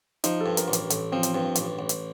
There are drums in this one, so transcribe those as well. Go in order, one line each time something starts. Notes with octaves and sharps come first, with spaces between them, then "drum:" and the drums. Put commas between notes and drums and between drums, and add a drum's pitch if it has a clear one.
F3 D#4, drum: hi-hat
A4
G2
A#4, drum: hi-hat
A1
A#4, drum: hi-hat
A1 A4, drum: hi-hat
F3 C4
drum: hi-hat
G2 C4
A1, drum: hi-hat
A1
drum: hi-hat